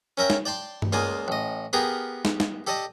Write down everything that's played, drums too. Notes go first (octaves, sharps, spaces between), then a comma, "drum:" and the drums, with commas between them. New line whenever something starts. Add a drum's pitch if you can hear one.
C#4 A#4 E5 G5
drum: snare
D5 G5 A5 C6
drum: tom G2
C#2 A#3 F4 D5 G#5 D#6
A1 D#5
B3 G4 G#4 A#4 F5 G5
drum: snare
drum: snare
G4 A4 D5 D#5 A5